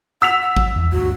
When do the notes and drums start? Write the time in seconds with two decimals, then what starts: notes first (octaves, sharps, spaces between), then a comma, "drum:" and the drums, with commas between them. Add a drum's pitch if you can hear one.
0.22 F#5 E6 B6 F7
0.42 F#5
0.57 F#3, drum: kick
0.76 E2
0.92 D2 G2 F#4